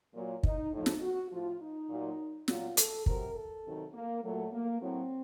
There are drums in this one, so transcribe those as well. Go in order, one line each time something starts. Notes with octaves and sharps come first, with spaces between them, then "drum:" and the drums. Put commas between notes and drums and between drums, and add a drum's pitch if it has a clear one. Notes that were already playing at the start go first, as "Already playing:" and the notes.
A#2 F#3
D#4, drum: kick
A2 F3 D#4
drum: snare
F#4
A2 F3 F4
D#4
A#2 F#3
A#2 F#3 F4, drum: snare
A4, drum: hi-hat
C3 F#3 A#4, drum: kick
A4
C3 D#3 F#3
A#3
A#2 F#3 A3
A#3
A2 F#3 C4